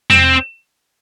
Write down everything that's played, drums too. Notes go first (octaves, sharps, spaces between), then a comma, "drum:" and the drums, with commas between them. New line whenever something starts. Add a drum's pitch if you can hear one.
C4, drum: tom E2